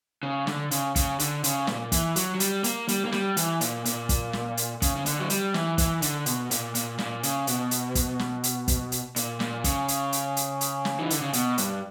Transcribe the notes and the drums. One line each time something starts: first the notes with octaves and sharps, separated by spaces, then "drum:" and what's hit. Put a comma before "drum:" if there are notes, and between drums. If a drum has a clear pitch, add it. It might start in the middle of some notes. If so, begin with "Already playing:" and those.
C#3
D3, drum: snare
C#3, drum: hi-hat
C#3, drum: kick, hi-hat
D3, drum: hi-hat
C#3, drum: hi-hat
A#2, drum: snare
E3, drum: kick, hi-hat
F#3, drum: hi-hat
F#3
G3, drum: hi-hat
A#3, drum: hi-hat
G3, drum: hi-hat
A#3
G3, drum: snare
E3, drum: hi-hat
A#2, drum: hi-hat
A#2, drum: hi-hat
drum: kick, hi-hat
drum: snare
drum: hi-hat
C#3, drum: kick, hi-hat
C#3
D3, drum: hi-hat
F#3
G3, drum: hi-hat
E3, drum: snare
E3, drum: kick, hi-hat
D3, drum: hi-hat
B2, drum: hi-hat
A#2, drum: hi-hat
A#2, drum: hi-hat
A#2, drum: snare
C#3, drum: hi-hat
B2, drum: hi-hat
drum: hi-hat
drum: kick, hi-hat
drum: snare
drum: hi-hat
drum: kick, hi-hat
drum: hi-hat
A#2, drum: hi-hat
A#2, drum: snare
C#3, drum: kick, hi-hat
drum: hi-hat
drum: hi-hat
drum: hi-hat
drum: hi-hat
drum: snare
E3
D3, drum: hi-hat
C#3
B2, drum: hi-hat
G2, drum: hi-hat